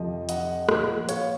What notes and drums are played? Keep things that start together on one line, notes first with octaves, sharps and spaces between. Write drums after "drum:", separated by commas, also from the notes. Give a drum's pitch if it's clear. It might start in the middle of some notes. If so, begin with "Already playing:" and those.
Already playing: F2 C3 F3 D#5
D#5 F#5, drum: hi-hat
A#2 F3, drum: rim click
C#5 F5, drum: hi-hat